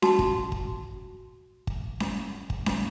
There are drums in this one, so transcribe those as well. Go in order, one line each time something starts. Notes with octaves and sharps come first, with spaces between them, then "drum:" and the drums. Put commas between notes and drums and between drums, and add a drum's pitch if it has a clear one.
F#4 A5, drum: snare C#4
drum: kick
drum: kick
drum: kick
drum: snare C#4
drum: kick
drum: snare C#4